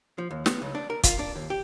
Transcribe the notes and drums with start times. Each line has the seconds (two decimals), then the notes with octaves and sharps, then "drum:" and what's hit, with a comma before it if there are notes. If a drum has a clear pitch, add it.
0.18 F3
0.31 D#2
0.46 B3, drum: snare
0.62 C#2
0.75 D4
0.90 A#4
1.04 F4, drum: kick, hi-hat
1.19 D4
1.35 D#2
1.50 G4